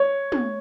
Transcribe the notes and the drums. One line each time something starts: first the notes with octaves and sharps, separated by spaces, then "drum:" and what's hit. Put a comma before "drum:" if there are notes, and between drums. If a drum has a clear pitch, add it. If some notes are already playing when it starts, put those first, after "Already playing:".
Already playing: C#5
drum: tom